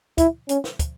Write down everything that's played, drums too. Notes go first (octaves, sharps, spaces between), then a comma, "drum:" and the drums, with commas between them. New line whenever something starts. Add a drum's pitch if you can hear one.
E4, drum: kick, hi-hat
C#4, drum: hi-hat
drum: snare
drum: kick, hi-hat